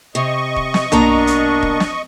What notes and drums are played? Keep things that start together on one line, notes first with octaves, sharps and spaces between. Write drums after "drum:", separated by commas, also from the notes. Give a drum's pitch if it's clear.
C3 D#5 C#6
drum: kick
drum: snare
B2 A#3 D4 A#5, drum: tom
drum: hi-hat
drum: kick
drum: snare